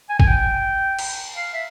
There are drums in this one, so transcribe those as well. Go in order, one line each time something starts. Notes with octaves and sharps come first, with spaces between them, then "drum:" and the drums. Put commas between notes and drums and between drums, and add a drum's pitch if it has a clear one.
G#5
G#5, drum: kick G#1
G5
drum: cymbal
F5
E5